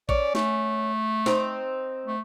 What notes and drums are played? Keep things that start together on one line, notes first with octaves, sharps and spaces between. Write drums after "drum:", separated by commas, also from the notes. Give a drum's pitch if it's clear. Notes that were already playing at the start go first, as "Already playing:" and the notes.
C#4 D5, drum: kick A1
A3, drum: snare
C4 D#4, drum: snare
A3